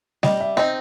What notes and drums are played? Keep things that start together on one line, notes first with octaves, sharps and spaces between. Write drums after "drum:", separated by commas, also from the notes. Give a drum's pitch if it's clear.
G3 D#5, drum: snare
E5
C4 D#4 D#5